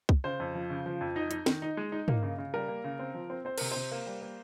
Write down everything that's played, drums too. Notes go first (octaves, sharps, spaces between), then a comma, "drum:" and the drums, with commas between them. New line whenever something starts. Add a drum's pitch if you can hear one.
drum: kick C2
C#3 C5
F2
F3
C#3
F3
F2
D#4 D#5
D#4, drum: hi-hat
D#3, drum: snare
D#4
G#3
D#4
A#3, drum: tom
C#3
C#3
G3 A#4
A#3
C#3
C4
F3
C4
C4 C5
C3 A#4, drum: cymbal
C3 C5
A#3
G3
A#3